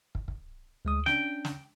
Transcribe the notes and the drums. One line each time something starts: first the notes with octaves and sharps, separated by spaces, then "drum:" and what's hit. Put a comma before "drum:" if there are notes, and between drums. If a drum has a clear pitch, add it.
drum: kick
drum: kick
D2 G#3 D#6
C#4 D4 G5, drum: snare
drum: snare